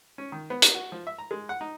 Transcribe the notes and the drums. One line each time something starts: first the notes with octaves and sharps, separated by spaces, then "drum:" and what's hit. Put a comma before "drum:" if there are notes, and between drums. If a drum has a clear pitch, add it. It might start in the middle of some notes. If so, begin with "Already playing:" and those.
C#4
D#3
B3
D#4, drum: hi-hat
F#4
F3
E5
A#5
G#3
F#5
D#4